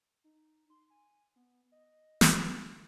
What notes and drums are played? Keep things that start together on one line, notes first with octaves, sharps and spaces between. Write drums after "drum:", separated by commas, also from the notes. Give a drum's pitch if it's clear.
D#4
C6
G#5
B3
D#5
drum: snare
G#6
D3